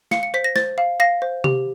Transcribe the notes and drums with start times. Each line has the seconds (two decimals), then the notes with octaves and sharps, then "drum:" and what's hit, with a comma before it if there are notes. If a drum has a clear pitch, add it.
0.11 F5 C#7, drum: snare
0.23 C#7
0.34 C5 B6
0.44 A#6
0.56 C5 A6, drum: snare
0.78 F5
1.00 F5 A#6
1.22 C5
1.44 G4, drum: tom C3